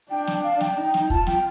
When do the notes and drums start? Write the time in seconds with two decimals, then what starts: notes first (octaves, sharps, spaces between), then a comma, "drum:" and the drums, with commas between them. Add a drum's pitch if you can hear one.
0.11 D4 G5
0.27 drum: snare
0.44 F5
0.61 G5, drum: snare
0.77 D#4 G5
0.94 drum: snare
1.10 F4 A5, drum: kick
1.27 G5, drum: snare